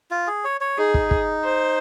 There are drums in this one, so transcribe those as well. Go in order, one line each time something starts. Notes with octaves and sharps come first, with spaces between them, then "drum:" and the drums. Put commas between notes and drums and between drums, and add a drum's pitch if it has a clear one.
F4
G#4
C#5
C#5
D#4 G#4
drum: kick
drum: kick
C5